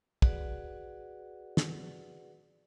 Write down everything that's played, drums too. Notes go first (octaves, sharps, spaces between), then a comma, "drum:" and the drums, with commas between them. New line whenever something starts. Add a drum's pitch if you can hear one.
F#4 G#4 B4 D5 F#5, drum: kick
drum: snare